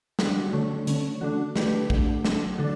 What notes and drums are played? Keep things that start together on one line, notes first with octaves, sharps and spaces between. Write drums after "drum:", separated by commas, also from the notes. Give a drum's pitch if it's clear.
G3 D4 F#4, drum: snare
D3 A3 C#4
D3 A3 C#4, drum: hi-hat
D3 A3 D4 F#4
D3 A3 D4 G4 B4, drum: snare
F#3 A3 D4, drum: kick
F#3 A3 D4, drum: snare
D3 A3 D4 F#4 A4